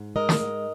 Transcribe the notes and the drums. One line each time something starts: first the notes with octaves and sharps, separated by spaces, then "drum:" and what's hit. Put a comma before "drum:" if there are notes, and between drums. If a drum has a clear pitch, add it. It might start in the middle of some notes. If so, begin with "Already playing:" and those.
Already playing: G#2
G#3 A#4 D#5
drum: snare
G#2